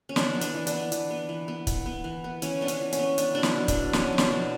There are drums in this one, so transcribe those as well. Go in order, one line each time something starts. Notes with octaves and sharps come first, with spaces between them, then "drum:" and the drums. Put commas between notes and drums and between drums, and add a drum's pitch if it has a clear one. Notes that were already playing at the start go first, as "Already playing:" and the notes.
C#4
E3 D4, drum: snare
B3
D4, drum: hi-hat
E3
D4, drum: hi-hat
B3
E3, drum: hi-hat
B3
E3
B3
E3, drum: kick, hi-hat
B3
E3
B3
E3 C#4, drum: hi-hat
B3 D4
C#4, drum: hi-hat
E3
C#4, drum: hi-hat
B3
B3 D4, drum: hi-hat
B2 D4
E4, drum: snare
B2
D4, drum: kick, hi-hat
F#3
B3 C#4, drum: snare
B2
D4, drum: snare
B2